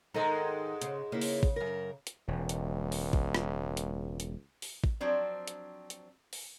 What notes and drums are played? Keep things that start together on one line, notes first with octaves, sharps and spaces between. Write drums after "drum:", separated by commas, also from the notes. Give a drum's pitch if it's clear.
G#2 D#3 G#3 A4 A#4 D#5
C#3, drum: hi-hat
C#3 A#3 E4
drum: open hi-hat
drum: kick A1
F#2 A#4
drum: hi-hat
E1 C#2
drum: hi-hat
drum: open hi-hat
drum: kick A1
drum: rim click
drum: hi-hat
drum: hi-hat
drum: open hi-hat
drum: kick A1
F3 F#3 C4 D4
drum: hi-hat
drum: hi-hat
drum: open hi-hat